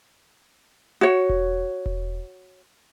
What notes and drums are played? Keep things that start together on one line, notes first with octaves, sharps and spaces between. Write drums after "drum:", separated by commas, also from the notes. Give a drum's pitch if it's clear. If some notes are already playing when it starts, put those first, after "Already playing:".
F#4 C#5
drum: kick E1
drum: kick E1